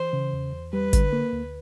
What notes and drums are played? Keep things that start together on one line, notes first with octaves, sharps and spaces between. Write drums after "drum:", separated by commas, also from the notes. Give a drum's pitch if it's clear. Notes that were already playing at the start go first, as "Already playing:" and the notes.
Already playing: E3 C5
C#3
E2
E2
G3 B4
D3, drum: kick, hi-hat
A#3
D2